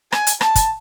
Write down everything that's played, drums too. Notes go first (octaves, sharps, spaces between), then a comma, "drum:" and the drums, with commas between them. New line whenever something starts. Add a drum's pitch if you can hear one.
G#5, drum: rim click
drum: hi-hat
A5, drum: rim click
drum: kick, hi-hat